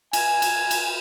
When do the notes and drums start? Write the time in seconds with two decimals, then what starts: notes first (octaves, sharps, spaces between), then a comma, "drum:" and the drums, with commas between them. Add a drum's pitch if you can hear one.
0.13 G#5, drum: cymbal
0.42 drum: cymbal
0.71 drum: cymbal